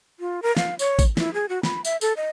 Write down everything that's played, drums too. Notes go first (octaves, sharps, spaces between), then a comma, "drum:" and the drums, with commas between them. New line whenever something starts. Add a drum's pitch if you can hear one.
F4
A#4
F5, drum: snare
C#5, drum: tambourine
drum: kick, tambourine
E4, drum: snare
G#4
F#4
B5, drum: snare
E5, drum: tambourine
A4, drum: tambourine
D#5